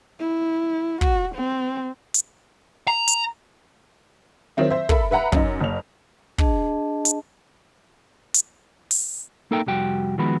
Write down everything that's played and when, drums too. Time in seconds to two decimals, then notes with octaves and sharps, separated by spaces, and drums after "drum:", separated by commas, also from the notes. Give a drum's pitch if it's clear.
0.20 E4
1.01 F#4, drum: kick
1.35 C4
2.14 drum: hi-hat
2.88 A#5
3.08 drum: hi-hat
4.57 D#3 F#3 C4 E4
4.70 C5 E5
4.89 A4 A#4 E5 B5, drum: kick
5.11 B4 E5 F#5 A#5 B5
5.32 F#2 D#4, drum: kick
5.61 F#1 F7
6.38 D4 G#4 D#5 A5, drum: kick
7.05 drum: hi-hat
8.34 drum: hi-hat
8.91 drum: open hi-hat
9.51 A#3 D#4 A4 A#4 E5 G5
9.67 C2 F2 G3 F#4 G5
10.18 D#3 F3 G#3 B3 F#4 B5